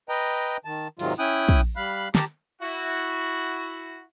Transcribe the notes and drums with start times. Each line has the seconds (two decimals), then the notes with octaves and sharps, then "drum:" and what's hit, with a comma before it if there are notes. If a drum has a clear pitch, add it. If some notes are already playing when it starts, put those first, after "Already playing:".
0.09 B4 D#5 G5 A#5
0.65 D#3 A5
0.99 G#2 C3 D#3 F#3 G#3 F4, drum: cymbal
1.19 C#4 E4 G5 G#5 D#6 F#6
1.49 drum: kick
1.76 G3 F5 B5 F#6
2.15 G4 A5 A#5, drum: snare
2.62 E4 F#4